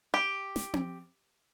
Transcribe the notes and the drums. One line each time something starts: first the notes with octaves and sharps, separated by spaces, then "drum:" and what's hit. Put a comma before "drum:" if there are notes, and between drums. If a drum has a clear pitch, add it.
G4
drum: snare
drum: tom C4